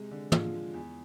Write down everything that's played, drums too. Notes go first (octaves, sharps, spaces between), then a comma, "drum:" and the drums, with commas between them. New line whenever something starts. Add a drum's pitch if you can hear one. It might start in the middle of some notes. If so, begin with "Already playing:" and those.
Already playing: C3 G#3
D3
F3 G#3 F4, drum: tom
G#3
E2